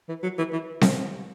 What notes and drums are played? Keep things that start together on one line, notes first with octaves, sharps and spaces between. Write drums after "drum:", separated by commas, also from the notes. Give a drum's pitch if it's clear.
E3
F#3
E3
E3
drum: snare C4